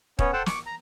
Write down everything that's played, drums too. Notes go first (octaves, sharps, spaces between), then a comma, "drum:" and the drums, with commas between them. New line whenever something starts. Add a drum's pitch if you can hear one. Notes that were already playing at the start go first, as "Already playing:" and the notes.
B3 C#4 C#5, drum: kick
A4 C5 F#5 G5 A5
C#6 D6, drum: snare
A#5